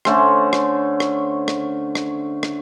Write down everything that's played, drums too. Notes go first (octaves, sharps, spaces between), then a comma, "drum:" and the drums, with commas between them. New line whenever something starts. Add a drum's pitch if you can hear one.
D3 A3 C#4 C5, drum: rim click
drum: rim click
drum: rim click
drum: rim click
drum: rim click
drum: rim click